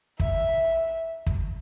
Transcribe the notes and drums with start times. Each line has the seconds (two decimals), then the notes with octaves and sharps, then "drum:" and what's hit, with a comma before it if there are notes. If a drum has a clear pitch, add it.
0.20 E5, drum: kick
1.27 drum: kick